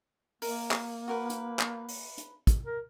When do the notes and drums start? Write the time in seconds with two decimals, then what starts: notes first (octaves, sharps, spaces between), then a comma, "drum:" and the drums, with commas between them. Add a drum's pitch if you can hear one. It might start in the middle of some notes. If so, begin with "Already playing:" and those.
0.42 A#3 A#4, drum: open hi-hat
0.71 drum: clap
1.08 F#4 A#4 B4
1.30 drum: hi-hat
1.59 drum: clap
1.89 drum: open hi-hat
2.18 drum: hi-hat
2.47 drum: kick, hi-hat
2.65 A#4